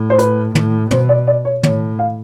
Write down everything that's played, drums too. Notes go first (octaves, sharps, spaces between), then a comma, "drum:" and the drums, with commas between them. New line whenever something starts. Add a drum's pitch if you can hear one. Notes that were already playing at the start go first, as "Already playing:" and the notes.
Already playing: A2
C5
B4, drum: hi-hat
A2, drum: tom
B2 C5, drum: tom
D5
D5
C#5
A2 C#5, drum: tom
F5